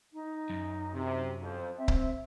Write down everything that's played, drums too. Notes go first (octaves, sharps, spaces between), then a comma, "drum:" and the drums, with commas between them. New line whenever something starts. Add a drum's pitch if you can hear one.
D#4
F#2
C3
F2 C5
C4 E5
drum: kick C#1